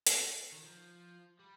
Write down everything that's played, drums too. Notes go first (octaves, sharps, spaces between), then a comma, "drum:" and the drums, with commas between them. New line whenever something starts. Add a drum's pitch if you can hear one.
drum: hi-hat
D#3
F3
G3